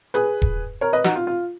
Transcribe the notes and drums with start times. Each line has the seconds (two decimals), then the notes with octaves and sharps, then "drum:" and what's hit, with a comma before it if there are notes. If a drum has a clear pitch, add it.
0.14 G#4 B4, drum: hi-hat
0.42 drum: kick D#1
0.81 A#4 C#5
0.93 B4 D#5
1.04 D#4 F#4, drum: snare
1.16 F4
1.27 F4